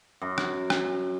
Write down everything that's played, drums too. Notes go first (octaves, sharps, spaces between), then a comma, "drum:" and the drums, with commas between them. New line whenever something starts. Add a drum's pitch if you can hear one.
F#2
drum: rim click
drum: rim click